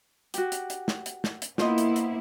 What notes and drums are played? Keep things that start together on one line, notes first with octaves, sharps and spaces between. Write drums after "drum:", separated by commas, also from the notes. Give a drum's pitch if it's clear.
F#4 G4, drum: hi-hat
drum: hi-hat
drum: hi-hat
drum: snare
drum: hi-hat
drum: snare
drum: hi-hat
A#3 B3 E4 F4 C5 D#5, drum: snare
drum: hi-hat
drum: hi-hat